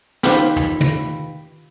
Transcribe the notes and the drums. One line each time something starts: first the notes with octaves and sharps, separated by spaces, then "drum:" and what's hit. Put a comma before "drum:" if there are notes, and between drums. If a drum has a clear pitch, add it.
D#3 F4 G4 B4 B5, drum: snare
drum: tom
drum: tom